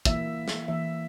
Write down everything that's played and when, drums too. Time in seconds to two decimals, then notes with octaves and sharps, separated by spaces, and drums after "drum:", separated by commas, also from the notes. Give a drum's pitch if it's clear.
0.05 E3 A#3 E4 E5, drum: kick
0.48 drum: snare
0.68 E3 A#3 E4 E5